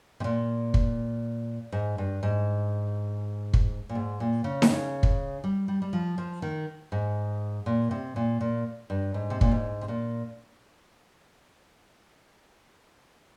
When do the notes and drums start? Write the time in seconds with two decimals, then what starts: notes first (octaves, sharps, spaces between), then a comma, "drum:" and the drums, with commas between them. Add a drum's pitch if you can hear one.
0.20 C3
0.24 A#2
0.74 drum: kick
1.72 G#2
1.98 G2
2.23 G#2
3.53 drum: kick
3.89 A#2
3.95 G#2
4.20 A#2
4.44 C#3
4.62 D#3, drum: snare D#4
4.70 C#3
5.03 drum: kick
5.44 G3
5.68 G3
5.82 G3
5.93 F3
6.18 F3
6.42 D#3
6.92 G#2
7.66 A#2
7.91 C3
8.16 A#2
8.41 A#2
8.90 G2
9.14 G#2
9.30 C3
9.41 A#2, drum: kick
9.52 G#2
9.81 C3
9.88 A#2